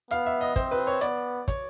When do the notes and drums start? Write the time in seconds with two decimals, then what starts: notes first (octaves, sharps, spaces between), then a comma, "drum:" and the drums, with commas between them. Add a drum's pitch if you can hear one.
0.11 B3 F5, drum: hi-hat
0.26 E5
0.41 D#5
0.56 C4 C5, drum: kick, hi-hat
0.71 B4
0.87 C#5
1.01 B3 D5, drum: hi-hat
1.48 C#5, drum: kick, hi-hat